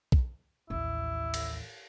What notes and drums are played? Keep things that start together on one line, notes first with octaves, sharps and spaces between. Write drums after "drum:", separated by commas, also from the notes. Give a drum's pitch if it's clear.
drum: kick
A1 D#2 E4
drum: cymbal